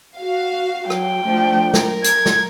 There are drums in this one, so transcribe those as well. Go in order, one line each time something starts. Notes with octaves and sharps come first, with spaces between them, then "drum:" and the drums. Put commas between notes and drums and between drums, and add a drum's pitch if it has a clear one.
F#4 F5
F#3 G5, drum: rim click
F3 A3 D4
A#4, drum: snare
G#6, drum: hi-hat
drum: snare